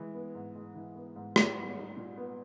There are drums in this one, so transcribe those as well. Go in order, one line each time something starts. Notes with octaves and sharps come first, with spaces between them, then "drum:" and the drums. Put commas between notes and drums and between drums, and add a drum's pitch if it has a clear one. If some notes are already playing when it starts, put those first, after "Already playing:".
Already playing: E3 G#3
B3
G#2
G#3
E3
B3
G#2
B3, drum: rim click
G3
D#4
A#2
B3